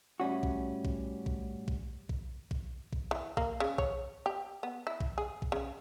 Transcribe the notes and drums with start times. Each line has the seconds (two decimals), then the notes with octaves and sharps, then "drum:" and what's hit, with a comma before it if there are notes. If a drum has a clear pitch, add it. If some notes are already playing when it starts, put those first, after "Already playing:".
0.20 A2 G3 C#4 F#4
0.43 drum: kick A#1
0.85 drum: kick A#1
1.26 drum: kick A#1
1.68 drum: kick A#1
2.09 drum: kick A#1
2.51 drum: kick A#1
2.93 drum: kick A#1
3.11 E3
3.37 A#3, drum: kick A#1
3.60 C#3
3.78 C#5, drum: kick A#1
4.26 G4
4.63 B3
4.87 E4
5.00 drum: kick A#1
5.18 G#4
5.42 drum: kick A#1
5.52 C#3